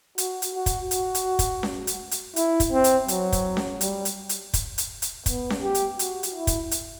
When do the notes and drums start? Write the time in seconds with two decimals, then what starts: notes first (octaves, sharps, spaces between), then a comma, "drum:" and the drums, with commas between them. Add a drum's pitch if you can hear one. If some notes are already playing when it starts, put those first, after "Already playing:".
0.18 F#4, drum: hi-hat
0.42 drum: hi-hat
0.55 F#4
0.66 drum: kick, hi-hat
0.91 F#4, drum: hi-hat
1.15 drum: hi-hat
1.39 drum: kick, hi-hat
1.63 drum: snare C#4
1.87 drum: hi-hat
2.11 drum: hi-hat
2.36 E4, drum: hi-hat
2.60 drum: kick, hi-hat
2.72 C4
2.84 drum: hi-hat
3.08 F#3, drum: hi-hat
3.32 drum: kick, hi-hat
3.57 drum: snare C#4
3.81 G3, drum: hi-hat
4.05 drum: hi-hat
4.29 drum: hi-hat
4.54 drum: kick, hi-hat
4.78 drum: hi-hat
5.02 drum: hi-hat
5.26 B3, drum: kick, hi-hat
5.50 drum: snare C#4
5.62 G4
5.75 drum: hi-hat
5.99 F#4, drum: hi-hat
6.23 drum: hi-hat
6.35 E4
6.47 drum: kick, hi-hat
6.71 drum: hi-hat